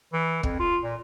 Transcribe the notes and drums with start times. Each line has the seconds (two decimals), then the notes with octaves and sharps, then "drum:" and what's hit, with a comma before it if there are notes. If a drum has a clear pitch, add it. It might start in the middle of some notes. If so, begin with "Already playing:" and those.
0.13 E3
0.43 F2, drum: kick
0.59 F4
0.84 A#2